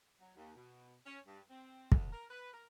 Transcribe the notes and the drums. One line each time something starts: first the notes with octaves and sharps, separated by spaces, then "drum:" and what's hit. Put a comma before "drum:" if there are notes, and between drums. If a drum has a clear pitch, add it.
F#3
D#2
B2
C#4
G2
C4
D2, drum: kick
A#4
B4
A#4